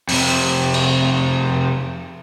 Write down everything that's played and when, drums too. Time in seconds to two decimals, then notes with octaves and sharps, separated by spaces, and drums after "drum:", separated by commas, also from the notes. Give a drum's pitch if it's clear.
0.09 F2 C3, drum: open hi-hat
0.74 drum: cymbal